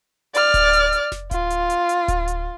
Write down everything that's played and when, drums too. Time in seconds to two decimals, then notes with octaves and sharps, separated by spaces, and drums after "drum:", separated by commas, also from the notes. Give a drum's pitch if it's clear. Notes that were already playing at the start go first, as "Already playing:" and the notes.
0.35 D5 F6, drum: hi-hat
0.54 drum: kick D1, hi-hat
0.73 drum: hi-hat
0.92 drum: hi-hat
1.12 drum: snare F1
1.31 F4, drum: kick D1, hi-hat
1.50 drum: hi-hat
1.70 drum: hi-hat
1.89 drum: hi-hat
2.08 drum: kick D1, hi-hat
2.28 drum: hi-hat